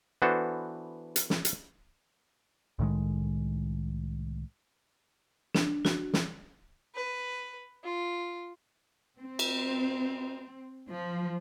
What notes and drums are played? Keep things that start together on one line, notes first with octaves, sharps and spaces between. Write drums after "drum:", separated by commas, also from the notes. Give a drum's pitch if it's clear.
E3 B3 D4 F#4 A4 C5
drum: hi-hat
drum: snare
drum: hi-hat
C2 A2 D#3 G#3
D4, drum: snare
F#4, drum: snare
drum: snare
B4
F4
C4
drum: cymbal
F3